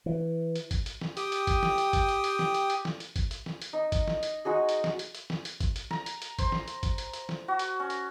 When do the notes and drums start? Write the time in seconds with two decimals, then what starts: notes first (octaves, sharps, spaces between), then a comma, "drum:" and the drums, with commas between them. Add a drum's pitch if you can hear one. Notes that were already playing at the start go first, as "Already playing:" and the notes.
0.06 E3
0.56 drum: hi-hat
0.71 drum: kick G#1, hi-hat
0.86 drum: hi-hat
1.01 drum: snare
1.17 G4 G5 D#6, drum: hi-hat
1.32 drum: hi-hat
1.47 drum: kick G#1, hi-hat
1.63 drum: snare
1.78 drum: hi-hat
1.93 drum: kick G#1, hi-hat
2.09 drum: hi-hat
2.24 drum: hi-hat
2.39 drum: snare
2.54 drum: hi-hat
2.70 drum: hi-hat
2.85 drum: snare
3.00 drum: hi-hat
3.16 drum: kick G#1, hi-hat
3.31 drum: hi-hat
3.46 drum: snare
3.62 drum: hi-hat
3.73 D#4
3.92 drum: kick G#1, hi-hat
4.07 drum: snare
4.23 drum: hi-hat
4.45 G#3 D#4 F#4 G#4
4.69 drum: hi-hat
4.84 drum: snare
4.99 drum: hi-hat
5.15 drum: hi-hat
5.30 drum: snare
5.45 drum: hi-hat
5.60 drum: kick G#1, hi-hat
5.76 drum: hi-hat
5.91 A#5, drum: snare
6.06 drum: hi-hat
6.22 drum: hi-hat
6.39 C5, drum: kick G#1, hi-hat
6.52 drum: snare
6.68 drum: hi-hat
6.83 drum: kick G#1, hi-hat
6.98 drum: hi-hat
7.13 drum: hi-hat
7.29 drum: snare
7.48 F#4
7.59 drum: hi-hat
7.80 C#4
7.90 drum: hi-hat